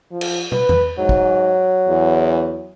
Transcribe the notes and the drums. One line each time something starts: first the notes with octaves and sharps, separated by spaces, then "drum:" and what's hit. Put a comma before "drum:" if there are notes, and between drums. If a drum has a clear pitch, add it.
F3
drum: cymbal
B4, drum: tom
drum: tom E2
G#2 F#3
drum: kick
E2